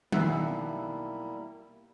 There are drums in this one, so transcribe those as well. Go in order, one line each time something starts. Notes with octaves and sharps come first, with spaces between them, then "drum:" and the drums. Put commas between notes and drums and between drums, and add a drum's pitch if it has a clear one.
B1 G3 A#3 E4 E5 F#5, drum: tom D#3